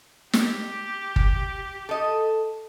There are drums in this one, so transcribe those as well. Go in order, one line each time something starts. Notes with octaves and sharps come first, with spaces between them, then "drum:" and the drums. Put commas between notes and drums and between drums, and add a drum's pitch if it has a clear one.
G4, drum: snare
drum: kick
A4 D#5